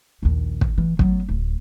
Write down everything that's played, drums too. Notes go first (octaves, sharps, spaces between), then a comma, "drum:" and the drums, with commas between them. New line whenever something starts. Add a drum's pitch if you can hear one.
A#1 D#2
drum: kick
E3
F#3 B3, drum: kick
D1